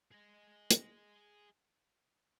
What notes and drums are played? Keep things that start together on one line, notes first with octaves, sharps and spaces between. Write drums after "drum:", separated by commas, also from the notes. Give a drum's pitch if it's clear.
G#4 D#5
drum: hi-hat